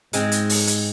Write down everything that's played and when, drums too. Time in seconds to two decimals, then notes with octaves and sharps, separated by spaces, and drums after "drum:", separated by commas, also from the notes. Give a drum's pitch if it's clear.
0.13 G#2 G#3 C4, drum: hi-hat
0.32 drum: hi-hat
0.49 drum: open hi-hat
0.67 drum: hi-hat